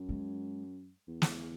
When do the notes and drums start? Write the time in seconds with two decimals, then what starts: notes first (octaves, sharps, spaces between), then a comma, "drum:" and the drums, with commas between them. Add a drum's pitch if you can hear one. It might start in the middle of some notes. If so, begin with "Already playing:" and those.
Already playing: F#2
0.09 G#3
1.08 E2
1.22 drum: snare